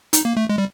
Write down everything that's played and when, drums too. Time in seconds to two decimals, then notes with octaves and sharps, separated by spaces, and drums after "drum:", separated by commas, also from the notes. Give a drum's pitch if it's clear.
0.13 D#4, drum: hi-hat
0.25 A#3
0.37 A3
0.49 G#3
0.58 G3